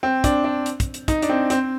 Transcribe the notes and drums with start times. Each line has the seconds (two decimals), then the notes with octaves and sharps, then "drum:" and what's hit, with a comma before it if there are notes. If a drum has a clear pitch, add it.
0.03 C4
0.24 D4, drum: kick, hi-hat
0.44 D4
0.66 drum: hi-hat
0.80 drum: kick, hi-hat
0.94 drum: hi-hat
1.08 D#4, drum: kick, hi-hat
1.22 D4, drum: hi-hat
1.29 C4
1.50 C4, drum: hi-hat